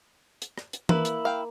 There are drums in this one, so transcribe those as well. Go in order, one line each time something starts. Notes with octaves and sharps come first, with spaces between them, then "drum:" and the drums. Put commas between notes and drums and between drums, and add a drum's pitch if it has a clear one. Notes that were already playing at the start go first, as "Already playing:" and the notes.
drum: hi-hat
drum: rim click
drum: hi-hat
A#3 E4 B4, drum: tom E3
drum: hi-hat
F5 G5